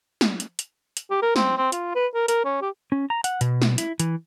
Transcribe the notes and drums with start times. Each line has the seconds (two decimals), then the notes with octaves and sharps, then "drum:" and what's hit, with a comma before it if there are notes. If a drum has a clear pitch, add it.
0.21 drum: snare
0.40 drum: hi-hat
0.59 drum: hi-hat
0.97 drum: hi-hat
1.11 G4
1.22 A#4
1.36 C4, drum: snare
1.57 C4
1.72 F4, drum: hi-hat
1.95 B4
2.14 A#4
2.28 A#4, drum: hi-hat
2.45 C#4
2.62 G4
2.92 C#4
3.10 A#5
3.24 F#5, drum: hi-hat
3.41 B2, drum: hi-hat
3.62 drum: snare
3.78 E4, drum: hi-hat
4.00 E3, drum: hi-hat